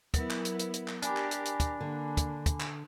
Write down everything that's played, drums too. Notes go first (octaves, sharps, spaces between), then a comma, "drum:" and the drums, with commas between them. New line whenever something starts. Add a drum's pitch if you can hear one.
F#3 B3 E4 A#4, drum: kick, hi-hat
drum: clap
drum: hi-hat
drum: hi-hat
drum: hi-hat
drum: clap
D4 G4 A#4 G#5 B5 D6, drum: hi-hat
drum: clap
drum: hi-hat
drum: hi-hat
drum: kick, hi-hat
D3 A#3
drum: kick, hi-hat
drum: kick, hi-hat
drum: clap